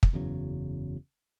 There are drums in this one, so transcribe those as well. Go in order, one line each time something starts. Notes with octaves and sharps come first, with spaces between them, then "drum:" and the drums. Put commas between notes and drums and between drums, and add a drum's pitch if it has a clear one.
drum: kick
F#1 E2 C#3 F#3